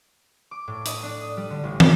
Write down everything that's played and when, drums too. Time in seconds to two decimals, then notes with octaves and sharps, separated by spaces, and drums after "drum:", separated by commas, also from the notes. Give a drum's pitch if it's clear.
0.51 D6
0.68 A2
0.86 D#5, drum: hi-hat
1.03 D4
1.21 D#6
1.37 G3
1.50 D3
1.64 A1
1.80 A#5, drum: tom